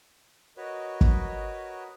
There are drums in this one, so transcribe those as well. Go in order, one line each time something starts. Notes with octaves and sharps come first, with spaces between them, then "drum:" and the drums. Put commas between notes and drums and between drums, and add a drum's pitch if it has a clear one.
F#4 A#4 B4 C#5 D#5
drum: kick